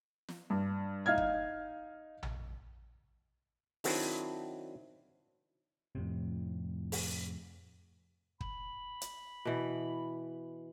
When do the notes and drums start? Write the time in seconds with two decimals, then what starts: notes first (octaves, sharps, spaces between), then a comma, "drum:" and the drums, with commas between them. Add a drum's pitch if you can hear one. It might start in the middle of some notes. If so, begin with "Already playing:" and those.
0.28 drum: snare
0.50 G2
1.06 D#4 F5 F6 G#6
1.18 drum: kick
2.23 drum: tom A#1
3.84 D#3 F#3 C4 D4 E4, drum: open hi-hat
5.95 F2 A2 C3
6.92 drum: open hi-hat
8.41 B5, drum: kick
9.02 drum: hi-hat
9.45 B2 E3